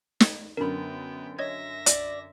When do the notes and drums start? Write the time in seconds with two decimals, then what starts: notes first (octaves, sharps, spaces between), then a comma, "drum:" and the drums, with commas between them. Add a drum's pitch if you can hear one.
0.20 drum: snare
0.57 F#2 D3 B3 A#4 G5 B5
1.39 C#5 D#5 E5 G#6 A#6
1.86 D5, drum: hi-hat